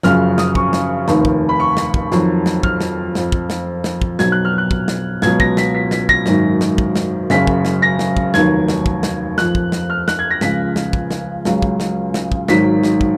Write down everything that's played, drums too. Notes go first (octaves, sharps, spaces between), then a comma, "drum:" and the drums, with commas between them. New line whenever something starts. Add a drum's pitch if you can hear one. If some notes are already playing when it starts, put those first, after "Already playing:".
F#1 F#2 C#3 F3 F6, drum: snare
D#6, drum: snare
C#6, drum: kick
drum: snare
F1 D#2 D#3, drum: snare
drum: kick
B5
C#6
drum: snare
drum: kick
F2 D#3 F#3, drum: snare
drum: snare
F6, drum: kick
drum: snare
F2 F3, drum: snare
drum: kick
drum: snare
drum: snare
drum: kick
B1 B2 F#3 G#6, drum: snare
F#6
F6
F#6
drum: kick
drum: snare
C#2 B2 F#3 G#6, drum: snare
A#6, drum: kick
B6, drum: snare
B6
B6, drum: snare
A#6, drum: kick
G#1 F#2 D#3, drum: snare
drum: snare
drum: kick
drum: snare
F#1 F#2 C#3 B6, drum: snare
drum: kick
drum: snare
A#6
drum: snare
drum: kick
F1 D#2 D#3 F#3 G#6, drum: snare
drum: snare
drum: kick
drum: snare
F2 F3 F#6, drum: snare
drum: kick
drum: snare
F6
F#6, drum: snare
G#6
A#6
C#2 C#3 F3 B6, drum: snare
drum: snare
drum: kick
drum: snare
C#2 C#3 F#3, drum: snare
drum: kick
drum: snare
drum: snare
drum: kick
G#1 G#2 D#3 F#3 B6, drum: snare
drum: snare
drum: kick